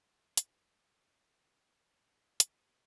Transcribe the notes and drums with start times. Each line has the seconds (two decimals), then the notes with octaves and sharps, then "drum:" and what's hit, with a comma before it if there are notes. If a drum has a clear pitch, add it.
0.37 drum: hi-hat
0.47 E6
1.20 F6
2.40 drum: hi-hat
2.52 D#6